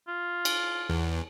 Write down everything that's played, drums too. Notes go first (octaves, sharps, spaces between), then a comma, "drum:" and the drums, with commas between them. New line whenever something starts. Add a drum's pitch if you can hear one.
F4
drum: cymbal
E2